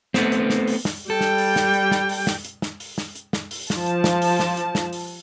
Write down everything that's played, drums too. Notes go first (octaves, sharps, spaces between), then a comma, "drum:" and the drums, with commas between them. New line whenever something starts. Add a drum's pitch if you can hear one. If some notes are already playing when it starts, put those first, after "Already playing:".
A3 B3 C4, drum: snare
drum: hi-hat
drum: snare
drum: open hi-hat
drum: snare
G3 A4 G5
drum: snare
drum: open hi-hat
drum: snare
drum: hi-hat
drum: snare
drum: open hi-hat
drum: snare
drum: hi-hat
drum: snare
drum: open hi-hat
drum: snare
drum: hi-hat
drum: snare
drum: open hi-hat
F3 A5, drum: snare
drum: hi-hat
drum: snare
drum: open hi-hat
drum: snare
drum: hi-hat
drum: snare
drum: open hi-hat